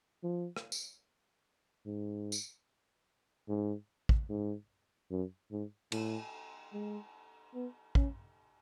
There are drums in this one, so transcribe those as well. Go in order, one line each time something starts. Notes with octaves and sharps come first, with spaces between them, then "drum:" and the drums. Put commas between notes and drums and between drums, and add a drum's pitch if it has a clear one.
F3
drum: rim click
drum: tambourine
G#2
drum: tambourine
G#2
drum: kick
G#2
F#2
G#2
A2, drum: cymbal
G#3
B3
C#4, drum: kick